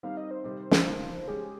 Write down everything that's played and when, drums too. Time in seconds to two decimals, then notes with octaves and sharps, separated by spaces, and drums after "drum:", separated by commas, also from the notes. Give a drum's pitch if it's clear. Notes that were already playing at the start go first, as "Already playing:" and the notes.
0.03 D#3 G3 C4 D#4 F5
0.17 D#5
0.31 C5
0.44 C3 D#3 G3
0.71 drum: snare
0.86 C#3 F3 A#3 D#4
1.28 G#3 C#4 G4 G#4